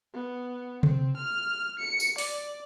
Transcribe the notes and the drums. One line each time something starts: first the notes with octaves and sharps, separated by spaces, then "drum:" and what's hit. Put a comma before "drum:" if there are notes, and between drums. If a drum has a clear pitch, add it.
B3
C4, drum: tom C3
F6
C#7
drum: tambourine
D5, drum: open hi-hat